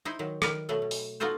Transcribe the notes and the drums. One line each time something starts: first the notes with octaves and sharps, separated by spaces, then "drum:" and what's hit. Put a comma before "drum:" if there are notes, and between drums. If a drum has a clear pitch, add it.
D#4 E4 C5
D#3 F#3
D#3 A#4 B4 D5 D#5, drum: rim click
B2 F#3 A3 B3
B2
drum: open hi-hat
B3 D#4 F4 F#4 A4 C5